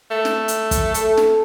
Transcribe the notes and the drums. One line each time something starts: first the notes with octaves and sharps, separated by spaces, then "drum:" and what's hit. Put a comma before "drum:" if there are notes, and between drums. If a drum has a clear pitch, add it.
A3
drum: snare
drum: hi-hat
drum: kick, hi-hat
A4, drum: hi-hat
drum: snare